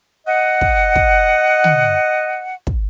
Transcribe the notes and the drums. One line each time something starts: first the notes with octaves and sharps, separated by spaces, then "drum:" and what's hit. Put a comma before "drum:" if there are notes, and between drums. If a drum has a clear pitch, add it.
D#5 F#5
drum: kick
drum: kick
drum: tom
drum: kick